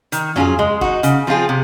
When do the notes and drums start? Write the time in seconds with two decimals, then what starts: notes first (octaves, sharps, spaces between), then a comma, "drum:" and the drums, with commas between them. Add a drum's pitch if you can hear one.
0.12 D#3, drum: hi-hat
0.36 F#3 C#4 F4 G#4, drum: tom
0.59 G#3
0.81 D#4 F#4, drum: kick
1.03 C#3, drum: hi-hat
1.27 F3 C4 F4 G#4
1.49 C3